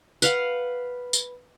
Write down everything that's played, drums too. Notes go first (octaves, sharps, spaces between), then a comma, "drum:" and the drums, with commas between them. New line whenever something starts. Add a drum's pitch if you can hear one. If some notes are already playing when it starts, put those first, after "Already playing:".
B4 F5 F#5, drum: tambourine
drum: tambourine